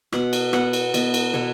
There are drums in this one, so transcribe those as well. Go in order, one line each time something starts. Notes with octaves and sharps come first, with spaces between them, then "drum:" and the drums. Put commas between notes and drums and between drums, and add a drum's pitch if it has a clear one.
B2 F#5, drum: rim click
drum: cymbal
B3 F#5, drum: rim click
drum: cymbal
B3 D#5, drum: cymbal
drum: cymbal
B2 C#5, drum: tom